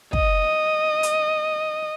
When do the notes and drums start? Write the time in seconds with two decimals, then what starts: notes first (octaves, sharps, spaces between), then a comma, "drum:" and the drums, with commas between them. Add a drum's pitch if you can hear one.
0.13 D#5, drum: kick
1.03 drum: hi-hat